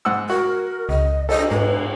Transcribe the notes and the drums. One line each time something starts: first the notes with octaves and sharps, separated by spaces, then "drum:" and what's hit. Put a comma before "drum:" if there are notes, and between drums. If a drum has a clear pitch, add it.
G#2 F#5 E6
F#4 A#4
C#2 D#5
A4 D#5, drum: cymbal
G#2 B4